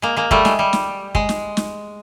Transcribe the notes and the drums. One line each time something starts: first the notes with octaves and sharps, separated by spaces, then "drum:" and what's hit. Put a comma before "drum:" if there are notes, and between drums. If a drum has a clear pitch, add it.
G#3 A#3
G#3 A#3
G3 A3, drum: kick
G#3, drum: snare
G3
drum: snare
G#3, drum: kick
drum: snare
drum: snare